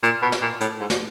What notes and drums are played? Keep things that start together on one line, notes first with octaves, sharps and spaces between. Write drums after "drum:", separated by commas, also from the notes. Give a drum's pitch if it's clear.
A#2, drum: hi-hat
B2
drum: snare
A#2
A2, drum: hi-hat
G#2
drum: snare